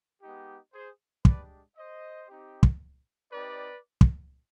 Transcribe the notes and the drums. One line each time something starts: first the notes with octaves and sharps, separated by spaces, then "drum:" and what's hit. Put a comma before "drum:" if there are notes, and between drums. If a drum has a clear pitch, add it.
G#3 B3 D#4 G4
G#4 C5
G#3 D4 G4 B4 D5, drum: kick
C5 D#5
C4 D#4 G4
drum: kick
C4 D#4 G4 B4 D5
drum: kick